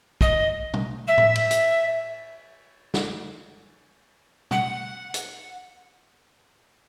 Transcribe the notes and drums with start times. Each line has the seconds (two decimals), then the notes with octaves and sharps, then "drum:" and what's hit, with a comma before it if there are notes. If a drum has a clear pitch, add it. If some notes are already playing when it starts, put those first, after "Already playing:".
0.21 D#5, drum: kick
0.74 drum: tom B2
1.07 E5
1.18 drum: tom A2
1.35 drum: cymbal
1.51 drum: hi-hat
2.94 drum: snare
4.51 F#5, drum: tom B2
5.14 drum: hi-hat